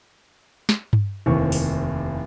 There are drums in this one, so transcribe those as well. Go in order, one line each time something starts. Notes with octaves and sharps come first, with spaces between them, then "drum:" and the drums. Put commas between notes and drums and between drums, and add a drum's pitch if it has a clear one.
drum: snare
drum: tom G2
F1 D#2 E3 C4 C#6
drum: open hi-hat